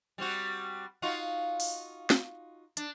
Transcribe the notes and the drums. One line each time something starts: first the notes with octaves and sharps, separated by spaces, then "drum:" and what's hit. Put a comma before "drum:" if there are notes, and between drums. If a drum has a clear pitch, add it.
G3 C4 F#4
D#4 F4 F#4
drum: open hi-hat
drum: snare
D4, drum: hi-hat